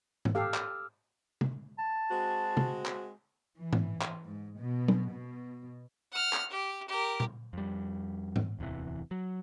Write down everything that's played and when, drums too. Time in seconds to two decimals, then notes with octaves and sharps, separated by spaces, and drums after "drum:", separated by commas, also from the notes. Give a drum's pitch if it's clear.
0.25 drum: tom G#2
0.35 G4 A4 F5 D6 E6 F6
0.54 drum: clap
1.41 drum: tom C3
1.78 A5
2.11 G#3 C4 F#4
2.57 drum: tom C3
2.86 drum: clap
3.57 E3
3.73 drum: tom G#2
4.02 drum: clap
4.24 G#2
4.59 B2
4.88 drum: tom F#3
5.09 B2
6.12 F#5 F6
6.33 drum: clap
6.50 G4
6.88 G4 A#4
7.20 drum: tom A#2
7.53 F2 G3
8.36 drum: tom G#2
8.59 D1 E2 C3 E3
9.11 F#3